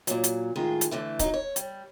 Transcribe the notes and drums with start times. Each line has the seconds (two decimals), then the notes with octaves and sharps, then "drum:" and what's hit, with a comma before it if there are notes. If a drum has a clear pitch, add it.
0.07 A#2 F#3, drum: hi-hat
0.24 drum: hi-hat
0.56 A2 D#3 G#3 F4 G#4
0.81 drum: hi-hat
0.91 D3 E3 A3
1.19 F#3 D#4, drum: kick D1, hi-hat
1.34 C#5
1.56 G3, drum: hi-hat